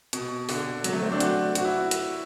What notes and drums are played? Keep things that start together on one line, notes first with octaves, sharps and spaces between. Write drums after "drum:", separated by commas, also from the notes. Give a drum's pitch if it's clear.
B2, drum: hi-hat
D3, drum: open hi-hat
F#3, drum: hi-hat
A3
C4
D4
F#4, drum: hi-hat
F#4, drum: hi-hat
E4
drum: hi-hat